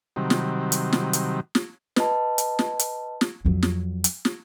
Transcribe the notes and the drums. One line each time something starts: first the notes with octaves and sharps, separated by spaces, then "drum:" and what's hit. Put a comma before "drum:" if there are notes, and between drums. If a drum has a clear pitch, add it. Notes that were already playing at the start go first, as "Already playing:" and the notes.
C3 D#3 F#3 G3
drum: snare
drum: hi-hat
drum: snare
drum: hi-hat
drum: snare
B4 D#5 A5, drum: snare
drum: hi-hat
drum: snare
drum: hi-hat
drum: snare
F2 F#3
drum: snare
drum: hi-hat
drum: snare